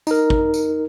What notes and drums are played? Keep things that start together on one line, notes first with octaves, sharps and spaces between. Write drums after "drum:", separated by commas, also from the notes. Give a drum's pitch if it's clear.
D#4 A#4, drum: tambourine
drum: kick
drum: tambourine